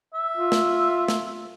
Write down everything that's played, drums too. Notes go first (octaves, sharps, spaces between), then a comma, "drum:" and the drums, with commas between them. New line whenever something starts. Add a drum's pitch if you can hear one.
E5
F4
drum: snare
drum: snare